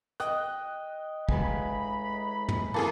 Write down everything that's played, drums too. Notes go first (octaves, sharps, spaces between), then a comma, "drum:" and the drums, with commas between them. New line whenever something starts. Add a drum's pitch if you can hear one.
D#5 G5 F#6, drum: hi-hat
A2 G#3 B4 G#5 A#5 B5, drum: kick
drum: tom
F#2 E3 A#3 G#4 A4